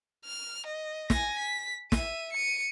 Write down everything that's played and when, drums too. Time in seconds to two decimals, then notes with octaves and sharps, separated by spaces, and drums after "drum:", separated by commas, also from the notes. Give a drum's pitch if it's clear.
0.25 F6
0.66 D#5
1.10 G#5 A#6, drum: snare
1.39 B6
1.92 E5 D#7, drum: snare
2.33 C#7 D#7